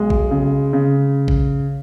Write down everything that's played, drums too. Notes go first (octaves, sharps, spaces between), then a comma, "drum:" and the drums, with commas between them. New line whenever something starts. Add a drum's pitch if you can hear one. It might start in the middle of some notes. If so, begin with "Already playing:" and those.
Already playing: B1 G#3
drum: kick
C#3
C#3
drum: kick